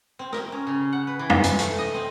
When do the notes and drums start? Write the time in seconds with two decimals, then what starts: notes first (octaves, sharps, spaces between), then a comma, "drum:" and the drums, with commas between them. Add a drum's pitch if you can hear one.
0.19 C4
0.33 A#4, drum: rim click
0.52 C#4
0.67 C#3
0.93 F#5
1.07 B4
1.19 E3
1.30 drum: tom
1.43 C3, drum: hi-hat
1.59 A3, drum: hi-hat
1.79 D#5
1.94 C4